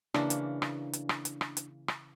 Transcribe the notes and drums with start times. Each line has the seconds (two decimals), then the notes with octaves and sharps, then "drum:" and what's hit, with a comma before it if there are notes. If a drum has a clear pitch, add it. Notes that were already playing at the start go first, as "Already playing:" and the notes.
0.14 C#3 E3 A#3 D4, drum: rim click
0.30 drum: hi-hat
0.62 drum: rim click
0.93 drum: hi-hat
1.09 drum: rim click
1.25 drum: hi-hat
1.41 drum: rim click
1.57 drum: hi-hat
1.88 drum: rim click